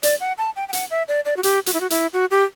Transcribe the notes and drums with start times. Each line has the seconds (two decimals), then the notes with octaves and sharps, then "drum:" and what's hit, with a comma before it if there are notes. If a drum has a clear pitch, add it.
0.03 D5, drum: hi-hat
0.20 F#5
0.38 A5
0.56 G5
0.69 G5
0.73 F#5, drum: hi-hat
0.91 E5
1.08 D5
1.25 D5
1.37 F#4
1.43 G4, drum: hi-hat
1.66 F#4, drum: hi-hat
1.73 E4
1.81 F#4
1.90 E4, drum: hi-hat
2.13 F#4
2.31 G4